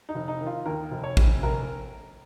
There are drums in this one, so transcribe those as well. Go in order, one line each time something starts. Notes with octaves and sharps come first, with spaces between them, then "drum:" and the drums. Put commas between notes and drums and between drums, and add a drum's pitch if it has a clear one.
D#4
F1
D#4
D#3
F4
D#2 A#4
F1
C#5
F1, drum: kick
F1 A#4